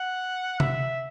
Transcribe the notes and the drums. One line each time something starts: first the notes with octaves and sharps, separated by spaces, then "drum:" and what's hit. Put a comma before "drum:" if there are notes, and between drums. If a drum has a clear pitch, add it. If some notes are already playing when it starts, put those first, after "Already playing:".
Already playing: F#5
E5, drum: tom C3